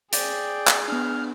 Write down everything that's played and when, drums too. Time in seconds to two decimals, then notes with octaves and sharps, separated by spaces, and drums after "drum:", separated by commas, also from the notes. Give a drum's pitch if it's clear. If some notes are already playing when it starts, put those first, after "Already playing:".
0.13 G#4 D5 G5, drum: hi-hat
0.67 drum: clap
0.88 B3 D4 F6